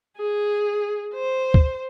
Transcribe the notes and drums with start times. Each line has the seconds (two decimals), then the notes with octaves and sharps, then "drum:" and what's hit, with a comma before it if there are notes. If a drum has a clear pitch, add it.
0.17 G#4
1.14 C5
1.54 drum: kick